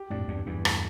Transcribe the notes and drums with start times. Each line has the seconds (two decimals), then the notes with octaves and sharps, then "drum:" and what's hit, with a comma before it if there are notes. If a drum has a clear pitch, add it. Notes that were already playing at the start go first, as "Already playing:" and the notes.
Already playing: G4
0.10 F2 A2 D4
0.28 E2 G2 D4
0.46 E2 G2 E3
0.65 A3, drum: rim click